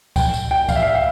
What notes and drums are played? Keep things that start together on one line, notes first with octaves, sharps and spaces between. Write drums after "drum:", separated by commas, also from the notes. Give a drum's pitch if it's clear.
G5, drum: kick C#2, tambourine
drum: tambourine
G5
F5, drum: kick C#2, tambourine
E5
F5
F5